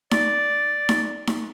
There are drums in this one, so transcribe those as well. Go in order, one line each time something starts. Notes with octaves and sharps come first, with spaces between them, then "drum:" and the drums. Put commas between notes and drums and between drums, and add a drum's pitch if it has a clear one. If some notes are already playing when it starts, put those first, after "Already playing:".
D5, drum: snare D#4
drum: snare D#4
drum: snare D#4